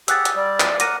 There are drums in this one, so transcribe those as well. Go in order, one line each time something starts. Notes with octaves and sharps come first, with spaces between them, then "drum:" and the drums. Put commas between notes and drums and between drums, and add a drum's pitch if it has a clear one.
G4 G#4 F#5 E6 F#6 A6, drum: hi-hat
drum: hi-hat
G3 D5
drum: clap
A#4 F#5 D6 A#6 D#7, drum: hi-hat